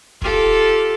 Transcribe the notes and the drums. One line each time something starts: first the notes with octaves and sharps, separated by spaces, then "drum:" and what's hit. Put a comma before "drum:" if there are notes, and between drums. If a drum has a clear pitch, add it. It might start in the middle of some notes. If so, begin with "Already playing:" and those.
F4 G4 A4, drum: kick